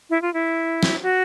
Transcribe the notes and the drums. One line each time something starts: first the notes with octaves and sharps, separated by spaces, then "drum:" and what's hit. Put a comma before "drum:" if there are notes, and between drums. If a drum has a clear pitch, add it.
E4
F4
E4
drum: snare
F#4